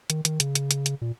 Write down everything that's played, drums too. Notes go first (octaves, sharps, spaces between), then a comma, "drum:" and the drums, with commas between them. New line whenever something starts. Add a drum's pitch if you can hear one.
D#3, drum: hi-hat
D#3, drum: hi-hat
C#3, drum: hi-hat
drum: hi-hat
drum: hi-hat
drum: hi-hat
A#2